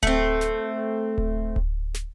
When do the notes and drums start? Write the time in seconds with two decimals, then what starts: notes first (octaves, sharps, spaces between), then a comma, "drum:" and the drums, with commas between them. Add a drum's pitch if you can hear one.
0.03 A3 C4, drum: kick D1
0.41 drum: snare
1.18 drum: kick D1
1.56 drum: kick D1
1.94 drum: snare